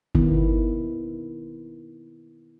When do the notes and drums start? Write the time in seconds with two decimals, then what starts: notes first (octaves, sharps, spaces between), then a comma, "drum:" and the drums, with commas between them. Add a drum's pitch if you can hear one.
0.15 D#3 B3 E4, drum: kick G1